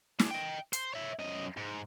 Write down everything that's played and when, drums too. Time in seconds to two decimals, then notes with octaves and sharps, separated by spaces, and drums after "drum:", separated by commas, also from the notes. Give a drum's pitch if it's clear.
0.19 D4 G#4, drum: snare
0.31 D#5 G5
0.73 C5, drum: hi-hat
0.93 C#5 E5
1.19 F#2 D#5
1.57 G#2